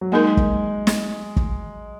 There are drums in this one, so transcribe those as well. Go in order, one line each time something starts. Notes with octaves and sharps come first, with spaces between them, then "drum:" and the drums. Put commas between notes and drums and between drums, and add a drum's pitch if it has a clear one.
F#3
G#3 A#3 D#4 A#4
drum: kick
drum: snare
drum: kick